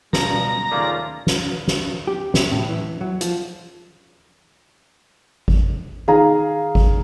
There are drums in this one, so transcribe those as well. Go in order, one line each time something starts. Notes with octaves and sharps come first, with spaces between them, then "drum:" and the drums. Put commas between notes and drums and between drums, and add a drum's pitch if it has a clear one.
B2 F3 G3 A#5, drum: snare
D#2 C#3 A3 A#3 F4 G#4 D5
drum: snare
drum: snare
G4
C3, drum: snare
A2
E3
F#3
F3, drum: hi-hat
drum: kick G#1
D#3 G#4 F5 A#5
drum: kick G#1